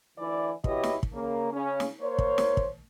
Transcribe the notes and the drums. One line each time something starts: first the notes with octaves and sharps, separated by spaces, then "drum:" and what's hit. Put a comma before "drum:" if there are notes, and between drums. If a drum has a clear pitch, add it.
D2 E3 E4 D5
B2 E4 G4 C#5 D#5, drum: kick
drum: snare
drum: kick
C#3 A#3
C#3 C#4
drum: snare
A#3 C5 C#5
drum: kick
drum: snare
drum: kick